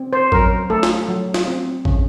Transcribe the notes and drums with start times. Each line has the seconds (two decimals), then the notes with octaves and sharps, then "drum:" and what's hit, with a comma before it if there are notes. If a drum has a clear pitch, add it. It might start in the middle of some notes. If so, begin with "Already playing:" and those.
Already playing: C4
0.13 C5
0.32 F#3 A#4, drum: kick
0.70 A3 A4
0.83 drum: snare
1.09 F#3
1.34 drum: snare
1.47 C4
1.85 C#3, drum: kick